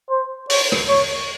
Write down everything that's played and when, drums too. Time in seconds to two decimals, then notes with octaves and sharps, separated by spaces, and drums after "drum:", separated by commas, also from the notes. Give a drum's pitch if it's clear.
0.10 C5
0.50 C#5, drum: open hi-hat
0.72 drum: rim click
0.89 C#5